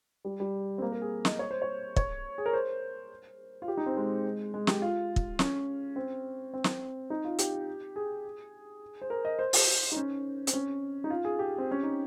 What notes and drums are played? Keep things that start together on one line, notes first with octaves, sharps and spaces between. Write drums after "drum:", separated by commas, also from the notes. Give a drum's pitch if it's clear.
G3
G3
C4
A#3
A#4
G#4
D#5, drum: snare
C#5
C5
C#5
C#5, drum: kick
G#4
A#4
C5
F4
G4
D#4
C4
G#3
G#3
G4, drum: snare
F4
drum: kick
C#4, drum: snare
C4
C4
drum: snare
D#4
F4
G4, drum: hi-hat
G#4
C5
A#4
D#5
C5
drum: open hi-hat
D#4
C#4
C4, drum: hi-hat
C#4
D#4
F4
G#4
G4
C4
C#4
D#4